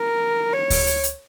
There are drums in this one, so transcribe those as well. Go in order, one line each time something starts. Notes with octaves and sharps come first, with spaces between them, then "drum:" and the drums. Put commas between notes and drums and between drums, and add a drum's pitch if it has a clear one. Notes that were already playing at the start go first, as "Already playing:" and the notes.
Already playing: A#4
C#5
drum: kick D2, open hi-hat
drum: hi-hat
drum: hi-hat